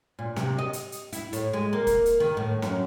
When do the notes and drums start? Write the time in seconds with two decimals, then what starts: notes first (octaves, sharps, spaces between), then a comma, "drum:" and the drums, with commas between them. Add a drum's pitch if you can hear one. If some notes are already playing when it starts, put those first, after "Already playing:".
0.19 A#2
0.36 C3, drum: snare
0.58 D#5
0.73 drum: hi-hat
0.92 drum: hi-hat
1.13 E4, drum: hi-hat
1.33 A2, drum: hi-hat
1.53 G#3
1.73 A#3
1.87 drum: kick, hi-hat
2.06 drum: hi-hat
2.20 D#3
2.37 A2
2.62 F#2, drum: snare